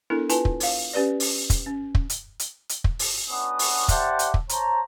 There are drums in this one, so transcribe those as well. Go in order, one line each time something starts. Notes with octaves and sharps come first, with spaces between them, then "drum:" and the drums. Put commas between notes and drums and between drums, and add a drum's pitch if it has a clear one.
B3 D4 E4 A4 A#4
E4 F4 B4 G#5 A5, drum: hi-hat
drum: kick
C#5 F5, drum: open hi-hat
C#4 G4 B4 D5
drum: open hi-hat
drum: kick, hi-hat
C#4
drum: kick
drum: hi-hat
drum: hi-hat
drum: hi-hat
drum: kick
drum: open hi-hat
B3 C#4 D4 F#4 D#6
drum: open hi-hat
G4 C5 D5 E5 F#5 A5, drum: kick, hi-hat
drum: hi-hat
drum: kick
C5 C#5 A5 A#5, drum: hi-hat